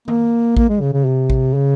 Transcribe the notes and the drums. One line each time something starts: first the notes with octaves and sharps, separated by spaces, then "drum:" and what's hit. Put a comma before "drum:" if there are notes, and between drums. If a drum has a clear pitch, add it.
A#3, drum: tom D#3
A#3, drum: kick A1
G#3
C#3
C#3
C3
drum: kick A1
C#3